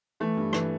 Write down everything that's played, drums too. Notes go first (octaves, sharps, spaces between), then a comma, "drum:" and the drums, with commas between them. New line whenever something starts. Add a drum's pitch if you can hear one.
E3 A3
G2
E3, drum: rim click